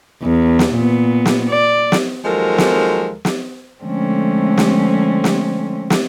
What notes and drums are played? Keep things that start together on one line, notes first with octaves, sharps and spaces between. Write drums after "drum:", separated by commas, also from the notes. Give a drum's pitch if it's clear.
E2
drum: snare
A#2 B3
drum: snare
D5
drum: snare
D#2 F3 F#3 G#3 A4 A#4
drum: snare
drum: snare
D3 F3 G#3 A3 C4 C#4
drum: snare
drum: snare
drum: snare